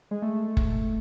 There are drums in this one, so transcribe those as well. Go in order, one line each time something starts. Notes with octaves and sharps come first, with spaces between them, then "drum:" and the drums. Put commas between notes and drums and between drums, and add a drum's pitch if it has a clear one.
G#3
A3
drum: kick F#1